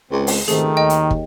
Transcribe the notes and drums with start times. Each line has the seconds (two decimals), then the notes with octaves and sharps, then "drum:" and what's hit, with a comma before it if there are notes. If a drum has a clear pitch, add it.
0.11 C#2 G#3 C4
0.27 drum: open hi-hat
0.48 C#2 G#2 C3 D#3 A3 G#4, drum: hi-hat
0.77 D#2 D#5 G5
0.90 drum: hi-hat
1.11 drum: kick